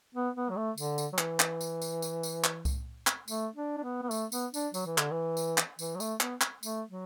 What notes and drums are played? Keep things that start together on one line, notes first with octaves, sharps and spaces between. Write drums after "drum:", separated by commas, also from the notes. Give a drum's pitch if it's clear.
B3
B3
F#3
A3
D3, drum: tambourine
drum: tambourine
F#3
E3, drum: clap
drum: clap
drum: tambourine
drum: tambourine
drum: tambourine
drum: tambourine
drum: clap
drum: kick C2, tambourine
drum: clap
A3, drum: tambourine
D4
D4
B3
B3
A3, drum: tambourine
B3, drum: tambourine
D4, drum: tambourine
F#3, drum: tambourine
E3
D3, drum: clap
E3
drum: tambourine
drum: clap
E3, drum: tambourine
F#3
A3, drum: tambourine
B3, drum: clap
drum: clap
A3, drum: tambourine
F#3